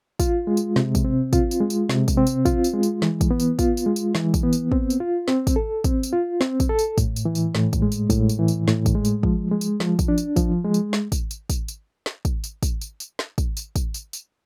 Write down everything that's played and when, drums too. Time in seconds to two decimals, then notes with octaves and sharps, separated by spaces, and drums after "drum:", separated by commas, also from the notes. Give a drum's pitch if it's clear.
0.20 F4, drum: kick, tambourine
0.47 G#3
0.57 drum: tambourine
0.76 C3, drum: snare
0.95 drum: kick, tambourine
1.05 C4
1.33 F4, drum: kick, tambourine
1.51 drum: tambourine
1.61 G#3
1.70 drum: tambourine
1.90 C3, drum: snare
2.08 drum: kick, tambourine
2.18 C4
2.27 drum: tambourine
2.46 F4, drum: kick, tambourine
2.64 drum: tambourine
2.74 G#3
2.83 drum: tambourine
3.02 E3, drum: snare
3.21 drum: kick, tambourine
3.31 B3
3.40 drum: tambourine
3.59 F4, drum: kick, tambourine
3.77 drum: tambourine
3.86 G#3
3.96 drum: tambourine
4.15 E3, drum: snare
4.34 drum: kick, tambourine
4.44 B3
4.53 drum: tambourine
4.72 C4, drum: kick
4.90 drum: tambourine
5.00 F4
5.28 C4, drum: snare
5.47 drum: kick, tambourine
5.56 A4
5.84 C4, drum: kick, tambourine
6.03 drum: tambourine
6.13 F4
6.41 C4, drum: snare
6.60 drum: kick, tambourine
6.69 A4
6.79 drum: tambourine
6.98 A2, drum: kick, tambourine
7.16 drum: tambourine
7.25 E3
7.35 drum: tambourine
7.55 A2, drum: snare
7.73 drum: kick, tambourine
7.82 G#3
7.92 drum: tambourine
8.10 A2, drum: kick, tambourine
8.29 drum: tambourine
8.39 E3
8.48 drum: tambourine
8.68 A2, drum: snare
8.86 drum: kick, tambourine
8.95 G#3
9.05 drum: tambourine
9.23 F3, drum: kick
9.51 G#3
9.61 drum: tambourine
9.80 F3, drum: snare
9.99 drum: kick, tambourine
10.08 D4
10.18 drum: tambourine
10.36 F3, drum: kick, tambourine
10.65 G#3
10.74 drum: tambourine
10.93 drum: snare
11.12 drum: kick, tambourine
11.31 drum: tambourine
11.50 drum: kick, tambourine
11.68 drum: tambourine
12.06 drum: snare
12.25 drum: kick, tambourine
12.44 drum: tambourine
12.63 drum: kick, tambourine
12.81 drum: tambourine
13.00 drum: tambourine
13.19 drum: snare
13.38 drum: kick, tambourine
13.57 drum: tambourine
13.76 drum: kick, tambourine
13.94 drum: tambourine
14.13 drum: tambourine